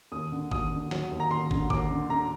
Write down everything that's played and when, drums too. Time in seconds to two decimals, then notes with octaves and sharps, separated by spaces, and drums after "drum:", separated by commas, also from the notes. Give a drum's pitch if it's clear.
0.12 D#2 D#6
0.32 D3
0.51 D#2 D#6, drum: kick
0.72 D3
0.91 F#3, drum: snare
1.11 D#2
1.20 A#5
1.31 D#2 C6
1.51 D3, drum: kick
1.70 D#2 D6, drum: kick
1.91 D3
2.10 D3 A#5